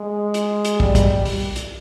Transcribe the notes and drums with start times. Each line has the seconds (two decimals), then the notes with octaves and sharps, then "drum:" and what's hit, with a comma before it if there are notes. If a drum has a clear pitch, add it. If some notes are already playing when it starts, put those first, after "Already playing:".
Already playing: G#3
0.34 drum: hi-hat
0.65 drum: hi-hat
0.80 G3, drum: kick
0.95 drum: kick, hi-hat
1.25 drum: open hi-hat
1.56 drum: hi-hat